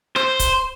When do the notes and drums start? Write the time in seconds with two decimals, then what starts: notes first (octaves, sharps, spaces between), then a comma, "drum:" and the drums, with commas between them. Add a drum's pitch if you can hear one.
0.16 C5, drum: rim click
0.39 drum: kick C#1, hi-hat